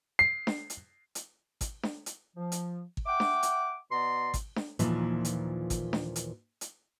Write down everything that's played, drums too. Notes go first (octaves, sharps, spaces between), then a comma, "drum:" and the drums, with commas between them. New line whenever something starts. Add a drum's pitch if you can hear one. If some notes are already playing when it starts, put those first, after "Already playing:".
C7
drum: snare D4
drum: hi-hat
drum: hi-hat
drum: kick G#1, hi-hat
drum: snare D4
drum: hi-hat
F3
drum: hi-hat
drum: kick G#1
E5 F#5 G5 D6
drum: snare D4
drum: hi-hat
B2 B3 D5 A#5 C6
drum: kick G#1, hi-hat
drum: snare D4
D#2 A#2 E3 F3, drum: hi-hat
drum: hi-hat
drum: kick G#1, hi-hat
drum: snare D4
drum: hi-hat
drum: hi-hat